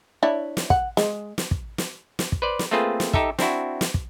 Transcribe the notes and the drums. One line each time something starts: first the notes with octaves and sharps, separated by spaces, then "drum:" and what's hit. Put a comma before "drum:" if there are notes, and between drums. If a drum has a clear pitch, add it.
D4 E4 C#5
drum: snare
F#5, drum: kick
G#3, drum: snare
drum: snare
drum: kick
drum: snare
drum: snare
drum: kick
B4 C5 D5
drum: snare
A3 A#3 C4 F4 G#4 B4
drum: snare
D#4 G4 A4 E5, drum: kick
C4 D4 E4 F#4, drum: snare
drum: snare
drum: kick